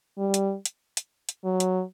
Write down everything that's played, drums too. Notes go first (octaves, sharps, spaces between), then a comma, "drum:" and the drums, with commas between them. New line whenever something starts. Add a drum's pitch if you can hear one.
G3
drum: hi-hat
drum: hi-hat
drum: hi-hat
drum: hi-hat
F#3
drum: hi-hat